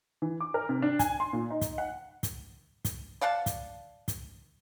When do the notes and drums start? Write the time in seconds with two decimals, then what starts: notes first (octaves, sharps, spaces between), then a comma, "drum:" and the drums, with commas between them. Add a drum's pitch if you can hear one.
0.22 E3
0.40 D6
0.54 A#4
0.69 C3
0.82 D4
0.99 G#5, drum: kick, hi-hat
1.20 C6
1.33 A#2
1.50 D#4
1.61 drum: kick, hi-hat
1.78 F#5
2.23 drum: kick, hi-hat
2.85 drum: kick, hi-hat
3.21 D5 F5 F#5 A5
3.46 drum: kick, hi-hat
4.08 drum: kick, hi-hat